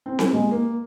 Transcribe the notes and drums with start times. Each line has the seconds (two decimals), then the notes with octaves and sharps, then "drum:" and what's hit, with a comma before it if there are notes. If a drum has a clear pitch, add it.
0.06 C4
0.19 drum: snare C4
0.33 G#3
0.51 A#3